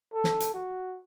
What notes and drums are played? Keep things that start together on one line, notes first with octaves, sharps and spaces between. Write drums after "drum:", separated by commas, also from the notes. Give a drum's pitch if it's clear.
A4
drum: snare
drum: hi-hat
F#4